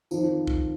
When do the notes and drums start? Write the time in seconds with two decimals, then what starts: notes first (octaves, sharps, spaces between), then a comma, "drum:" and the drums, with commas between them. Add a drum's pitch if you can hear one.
0.11 F2 D#3 F3, drum: tambourine
0.47 drum: kick